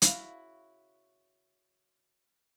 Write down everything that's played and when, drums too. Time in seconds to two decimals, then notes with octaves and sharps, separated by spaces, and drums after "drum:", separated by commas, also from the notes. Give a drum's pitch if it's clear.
0.02 C#3 E4 F#4 F5, drum: hi-hat